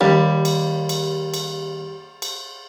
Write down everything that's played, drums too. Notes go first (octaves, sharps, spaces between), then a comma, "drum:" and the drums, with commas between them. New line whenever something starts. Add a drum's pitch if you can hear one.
D#2 G3
drum: cymbal
drum: cymbal
drum: cymbal
drum: cymbal